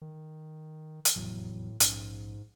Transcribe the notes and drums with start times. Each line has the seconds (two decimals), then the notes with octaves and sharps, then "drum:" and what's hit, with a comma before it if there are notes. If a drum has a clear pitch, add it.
0.02 D#3
1.05 drum: hi-hat
1.16 F1 E2 A2 F#3
1.80 A#1 G#2 C#4, drum: hi-hat